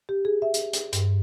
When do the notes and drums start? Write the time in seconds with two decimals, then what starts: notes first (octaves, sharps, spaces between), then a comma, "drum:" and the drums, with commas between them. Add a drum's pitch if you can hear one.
0.09 G4
0.25 G#4
0.42 E5
0.54 drum: hi-hat
0.73 drum: hi-hat
0.93 G2, drum: hi-hat